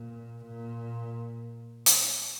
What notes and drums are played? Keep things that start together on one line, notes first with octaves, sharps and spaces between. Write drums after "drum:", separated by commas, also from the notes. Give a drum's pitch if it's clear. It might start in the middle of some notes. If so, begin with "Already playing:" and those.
Already playing: A#2
A#2
drum: hi-hat